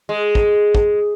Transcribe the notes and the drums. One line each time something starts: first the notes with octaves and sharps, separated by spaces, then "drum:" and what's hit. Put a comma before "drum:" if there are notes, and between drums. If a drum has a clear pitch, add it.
G#3
drum: kick
drum: kick